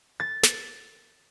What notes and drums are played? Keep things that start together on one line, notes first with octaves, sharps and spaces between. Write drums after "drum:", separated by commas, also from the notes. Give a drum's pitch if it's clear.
A6
drum: snare